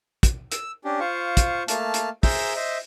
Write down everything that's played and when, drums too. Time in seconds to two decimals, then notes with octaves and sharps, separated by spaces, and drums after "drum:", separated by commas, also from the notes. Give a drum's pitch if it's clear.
0.23 drum: kick, hi-hat
0.52 E6, drum: hi-hat
0.85 C#4 D4 G4
1.00 F4 C5 F5 C#6
1.37 drum: kick, hi-hat
1.68 A3 A#3 A5 F6, drum: hi-hat
1.94 drum: hi-hat
2.23 G#4 C5 E5 A#5 E6 G6, drum: kick, open hi-hat
2.56 C5 D#5 E5